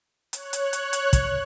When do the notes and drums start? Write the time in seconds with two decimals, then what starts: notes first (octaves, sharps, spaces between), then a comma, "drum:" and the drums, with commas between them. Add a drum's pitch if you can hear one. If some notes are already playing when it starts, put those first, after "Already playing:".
0.33 C#5 F#6, drum: hi-hat
0.53 drum: hi-hat
0.73 drum: hi-hat
0.93 drum: hi-hat
1.13 drum: kick, hi-hat